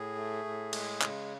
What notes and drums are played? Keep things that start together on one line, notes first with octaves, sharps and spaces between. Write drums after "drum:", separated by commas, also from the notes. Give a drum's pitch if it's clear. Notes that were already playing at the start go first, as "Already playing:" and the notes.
Already playing: A2 G#4
A3
A2
G#3, drum: cymbal
C#3, drum: clap